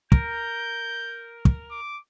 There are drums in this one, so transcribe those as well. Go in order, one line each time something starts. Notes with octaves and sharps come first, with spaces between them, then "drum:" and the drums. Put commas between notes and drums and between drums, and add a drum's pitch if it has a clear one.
A#4 G6, drum: kick
drum: kick
D6